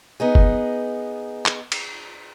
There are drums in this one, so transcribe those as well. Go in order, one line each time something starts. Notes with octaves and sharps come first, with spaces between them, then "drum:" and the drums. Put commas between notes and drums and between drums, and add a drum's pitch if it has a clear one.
B3 D#4 G#4
drum: kick
drum: clap
drum: cymbal